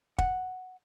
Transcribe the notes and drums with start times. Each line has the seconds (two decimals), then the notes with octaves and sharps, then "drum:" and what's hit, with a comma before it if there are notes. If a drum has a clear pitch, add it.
0.18 F#5, drum: kick